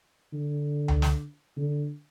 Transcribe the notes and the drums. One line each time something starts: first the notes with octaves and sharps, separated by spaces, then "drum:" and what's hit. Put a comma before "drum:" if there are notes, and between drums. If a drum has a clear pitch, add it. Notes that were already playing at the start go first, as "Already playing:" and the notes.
D3
drum: tom C#2
drum: snare
D3